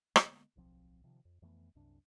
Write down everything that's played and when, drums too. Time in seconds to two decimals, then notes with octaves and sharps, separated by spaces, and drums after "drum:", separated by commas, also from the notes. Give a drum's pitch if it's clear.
0.16 D3 G#3 A#3 B3, drum: rim click
0.56 D1 B1 F3 C4
1.04 C3 D#3 F3
1.25 F2
1.42 F2 E3 A3 B3
1.75 C2 F#2 C3 D4